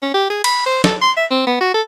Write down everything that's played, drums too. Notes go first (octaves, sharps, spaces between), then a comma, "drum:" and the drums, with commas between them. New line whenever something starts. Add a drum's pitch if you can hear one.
C#4
G4
G#4
B5, drum: cymbal
C5
A4, drum: snare
C6
E5
C4
B3
F#4
A4